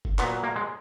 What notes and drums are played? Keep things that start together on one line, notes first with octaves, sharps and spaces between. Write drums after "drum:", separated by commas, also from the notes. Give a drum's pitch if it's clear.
drum: kick F#1
A#2 B3, drum: clap
F#3
A#3
G#3